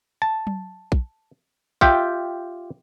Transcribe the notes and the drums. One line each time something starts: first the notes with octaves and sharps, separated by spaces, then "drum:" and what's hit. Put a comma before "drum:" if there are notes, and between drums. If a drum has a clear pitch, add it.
A5
drum: tom F#3
drum: kick
F4 G4 E5 G5, drum: kick